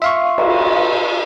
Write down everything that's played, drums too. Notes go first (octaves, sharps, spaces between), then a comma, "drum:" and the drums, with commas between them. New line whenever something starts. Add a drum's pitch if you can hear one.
F4 E5 F5 C#6
drum: cymbal